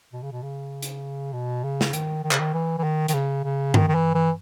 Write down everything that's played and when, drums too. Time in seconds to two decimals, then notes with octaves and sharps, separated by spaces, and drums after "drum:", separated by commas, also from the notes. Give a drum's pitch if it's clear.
0.13 B2
0.23 C#3
0.32 B2
0.42 C#3
0.82 drum: hi-hat
1.33 B2
1.64 C#3
1.81 drum: snare
1.93 D#3, drum: hi-hat
2.24 D#3
2.31 C#3, drum: clap
2.39 D#3
2.54 E3
2.78 E3
2.84 D#3
3.08 D#3, drum: hi-hat
3.14 C#3
3.44 C#3
3.74 D#3, drum: tom G2
3.88 D#3
3.95 E3
4.14 E3